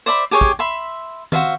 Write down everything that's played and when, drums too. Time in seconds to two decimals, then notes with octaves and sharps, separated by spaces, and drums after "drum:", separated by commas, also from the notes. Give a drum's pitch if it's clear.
0.06 C5 D5 E5 B5
0.31 G4 G#4 C#5
0.41 drum: kick
0.59 E5 B5 C6
1.32 F#4 C5 E5 F5, drum: tom D#3